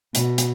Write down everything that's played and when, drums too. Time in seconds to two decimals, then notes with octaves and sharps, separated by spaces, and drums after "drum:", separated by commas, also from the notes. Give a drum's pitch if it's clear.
0.15 B2, drum: hi-hat
0.38 drum: hi-hat